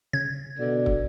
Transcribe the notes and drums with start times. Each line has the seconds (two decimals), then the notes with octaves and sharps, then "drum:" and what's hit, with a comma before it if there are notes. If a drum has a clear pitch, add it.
0.13 C#3 G#6
0.59 B2 D3
0.86 drum: kick